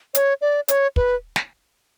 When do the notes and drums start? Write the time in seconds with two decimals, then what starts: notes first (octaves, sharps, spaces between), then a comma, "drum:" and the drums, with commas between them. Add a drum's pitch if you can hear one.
0.15 C#5, drum: hi-hat
0.41 D5
0.68 C#5, drum: hi-hat
0.96 B4, drum: kick
1.36 drum: snare